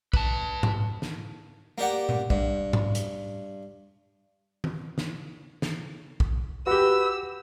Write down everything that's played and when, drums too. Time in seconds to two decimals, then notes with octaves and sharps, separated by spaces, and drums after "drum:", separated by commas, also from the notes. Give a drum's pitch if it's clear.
0.13 B4 A5, drum: kick
0.63 drum: tom G#2
1.02 drum: snare
1.78 A#3 G4 D5 F#5
2.09 drum: tom A#2
2.30 G2, drum: kick
2.73 drum: tom G#2
2.95 drum: hi-hat
4.64 drum: tom D#3
4.98 drum: snare
5.62 drum: snare
6.20 drum: kick
6.67 F#4 G4 B4 E6